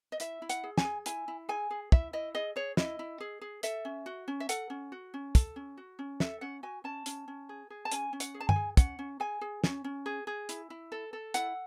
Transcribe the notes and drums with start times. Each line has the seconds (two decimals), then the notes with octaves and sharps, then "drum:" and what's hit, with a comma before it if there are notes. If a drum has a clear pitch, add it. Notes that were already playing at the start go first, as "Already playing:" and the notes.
0.12 D#5
0.20 E4 E5, drum: hi-hat
0.42 E4
0.49 F#5, drum: hi-hat
0.64 G#4
0.78 G#5, drum: snare
0.84 G#4
1.06 E4 G#5, drum: hi-hat
1.28 E4
1.49 G#4 G#5
1.71 G#4
1.92 E4 E5, drum: kick
2.13 E4 D#5
2.35 G#4 D#5
2.56 G#4 C#5
2.77 E4 D#5, drum: snare
2.99 E4
3.20 G#4
3.41 G#4
3.63 A4 E5, drum: hi-hat
3.85 C#4
4.06 F#4
4.28 C#4
4.40 E5
4.49 A4 F#5, drum: hi-hat
4.70 C#4
4.92 F#4
5.14 C#4
5.35 A4, drum: kick, hi-hat
5.56 C#4
5.77 F#4
5.99 C#4
6.20 A4 E5, drum: snare
6.41 C#4 F#5
6.63 F#4 G#5
6.84 C#4 A5
7.06 C#4, drum: hi-hat
7.28 C#4
7.49 G#4
7.70 G#4
7.85 A5
7.92 C#4 G#5, drum: hi-hat
8.13 C#4
8.20 F#5, drum: hi-hat
8.34 G#4
8.40 A5
8.49 G#5, drum: tom
8.56 G#4
8.77 C#4 F#5, drum: kick, hi-hat
8.99 C#4
9.20 G#4 G#5
9.41 G#4
9.64 C#4, drum: snare
9.84 C#4
10.06 G#4
10.27 G#4
10.49 E4, drum: hi-hat
10.70 E4
10.92 A4
11.13 A4
11.34 E4 F#5, drum: hi-hat